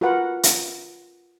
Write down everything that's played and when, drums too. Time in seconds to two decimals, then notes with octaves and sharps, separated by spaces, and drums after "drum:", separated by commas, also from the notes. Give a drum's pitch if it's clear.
0.01 F4 F#4 A#4 B4 F#5
0.43 drum: hi-hat